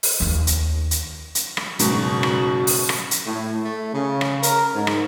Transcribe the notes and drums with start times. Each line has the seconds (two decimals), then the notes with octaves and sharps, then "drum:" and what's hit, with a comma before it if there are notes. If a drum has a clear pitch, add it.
0.03 drum: open hi-hat
0.20 D#2 D#3
0.47 drum: hi-hat
0.91 drum: hi-hat
1.35 drum: hi-hat
1.57 drum: rim click
1.79 F#1 G#2 B2 F#4, drum: hi-hat
2.23 drum: rim click
2.67 drum: open hi-hat
2.89 drum: rim click
3.11 drum: hi-hat
3.27 A2
3.63 A3
3.94 C#3
4.21 drum: rim click
4.43 A#4, drum: hi-hat
4.75 G#2
4.87 drum: rim click